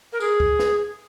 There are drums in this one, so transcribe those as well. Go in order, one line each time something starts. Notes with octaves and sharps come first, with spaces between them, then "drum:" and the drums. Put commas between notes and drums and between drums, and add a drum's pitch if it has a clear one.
A#4
G#4, drum: tambourine
drum: kick
drum: snare